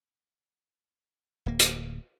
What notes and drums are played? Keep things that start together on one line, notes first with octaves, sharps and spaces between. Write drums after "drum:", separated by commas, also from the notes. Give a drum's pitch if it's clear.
D1 A#3
drum: hi-hat